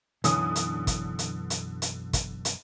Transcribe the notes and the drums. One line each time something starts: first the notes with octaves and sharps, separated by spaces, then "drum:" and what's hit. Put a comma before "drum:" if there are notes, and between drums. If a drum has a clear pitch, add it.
B1 F#2 D3 E3 D#6, drum: hi-hat
drum: hi-hat
drum: kick, hi-hat
drum: hi-hat
drum: hi-hat
drum: hi-hat
drum: kick, hi-hat
drum: hi-hat